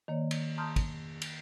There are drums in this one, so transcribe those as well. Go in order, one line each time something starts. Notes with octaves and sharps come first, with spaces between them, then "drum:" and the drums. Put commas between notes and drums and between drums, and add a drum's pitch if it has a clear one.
D#3 A#3 C#5 D5
drum: cymbal
A5 A#5 C6 D#6 F6 G6
drum: kick, cymbal
drum: cymbal